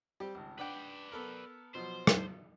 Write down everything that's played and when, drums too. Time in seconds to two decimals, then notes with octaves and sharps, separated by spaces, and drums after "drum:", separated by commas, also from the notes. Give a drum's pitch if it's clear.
0.20 G3 C4 G4
0.35 G#1 C#2
0.59 D4 B4 D5 F#5 G5
1.12 B3 A4 A#4
1.75 B2 F3 F#3 C5
2.07 drum: rim click